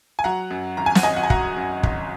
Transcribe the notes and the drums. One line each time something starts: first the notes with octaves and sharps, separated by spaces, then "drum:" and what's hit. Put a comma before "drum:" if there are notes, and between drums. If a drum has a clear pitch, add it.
G#5
F#3 F#5 A#5
F#2
G#1 A#5
G#5
F#5, drum: snare
G#1 D#5 G#5
F#5
G#5
F#3 F#5 A#5, drum: kick
F#2
G#1, drum: kick